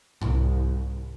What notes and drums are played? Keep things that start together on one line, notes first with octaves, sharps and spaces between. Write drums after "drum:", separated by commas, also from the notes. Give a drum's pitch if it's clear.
C2, drum: tom G#2